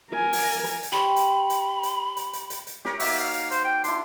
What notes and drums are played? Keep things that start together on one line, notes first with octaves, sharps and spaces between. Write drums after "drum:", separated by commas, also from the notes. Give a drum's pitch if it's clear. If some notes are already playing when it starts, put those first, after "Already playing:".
A#4 G#5
drum: open hi-hat
drum: hi-hat
drum: hi-hat
G4 C5 C#5 B5
drum: hi-hat
drum: hi-hat
drum: hi-hat
drum: hi-hat
drum: hi-hat
drum: hi-hat
drum: hi-hat
G4 A#4 C#5, drum: snare
A#3 D#4 F#4 E5, drum: open hi-hat
F5
drum: hi-hat
C5, drum: hi-hat
G5
D4 E4 C6, drum: hi-hat